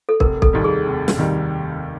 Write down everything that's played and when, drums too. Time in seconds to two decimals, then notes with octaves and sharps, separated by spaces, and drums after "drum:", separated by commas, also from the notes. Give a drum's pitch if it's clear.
0.09 A4
0.20 F1 A#4, drum: kick
0.42 A4, drum: kick
0.53 D#2 D#3 G3
0.64 G#4
0.86 F1
1.08 drum: snare
1.18 D#2 D#3 G3